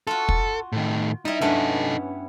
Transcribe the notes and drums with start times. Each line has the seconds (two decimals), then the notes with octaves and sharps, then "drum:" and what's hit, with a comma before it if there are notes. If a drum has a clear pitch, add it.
0.07 F4 F#4 A4
0.29 drum: kick
0.72 A2 D#3
1.25 G3 D#4 E4
1.41 G2 B3 C#4 D#4 A4